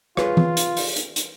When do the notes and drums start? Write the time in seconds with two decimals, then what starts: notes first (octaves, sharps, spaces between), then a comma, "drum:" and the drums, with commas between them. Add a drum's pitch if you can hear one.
0.17 F4 G#4 B4 C#5, drum: rim click
0.37 drum: tom E3
0.57 drum: hi-hat
0.77 drum: open hi-hat
0.96 drum: hi-hat
1.16 drum: hi-hat